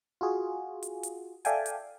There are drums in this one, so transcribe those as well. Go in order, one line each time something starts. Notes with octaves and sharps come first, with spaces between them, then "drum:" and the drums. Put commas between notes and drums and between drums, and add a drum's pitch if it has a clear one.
F4 F#4 G#4
drum: hi-hat
drum: hi-hat
A4 D5 E5 F5 G5 G#5, drum: hi-hat
drum: hi-hat